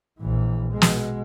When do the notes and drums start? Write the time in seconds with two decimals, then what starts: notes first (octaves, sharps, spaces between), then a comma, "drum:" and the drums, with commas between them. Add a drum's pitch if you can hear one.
0.20 A#1 E3
0.72 B2 G#3
0.82 drum: snare